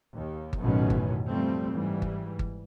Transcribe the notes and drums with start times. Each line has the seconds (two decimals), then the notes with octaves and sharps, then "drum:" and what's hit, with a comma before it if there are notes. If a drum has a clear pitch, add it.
0.15 D#2
0.53 drum: kick G1
0.62 A1 F#2 B2 D#3 E3 C#4
0.90 drum: kick G1
1.27 F3 G3 A3 C4
1.72 G#2 E3 G3
2.02 drum: kick G1
2.39 drum: kick G1